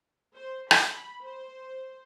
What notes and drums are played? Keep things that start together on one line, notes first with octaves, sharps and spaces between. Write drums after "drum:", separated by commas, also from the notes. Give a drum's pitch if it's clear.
C5
B5, drum: rim click
C5